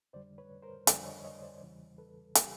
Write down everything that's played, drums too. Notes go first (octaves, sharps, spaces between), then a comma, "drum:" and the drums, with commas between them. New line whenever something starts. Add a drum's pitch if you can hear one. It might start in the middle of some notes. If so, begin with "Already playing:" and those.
F2 D3 G3 C5 D5
B4 C#5
A#4 C5
F2 D3 G3 C5 D5, drum: hi-hat
C#5 D#5
C#5 D#5
C5 D5
E2 C#3 E3 G3
A4 B4
C#3 E3 G3 G4 A4, drum: hi-hat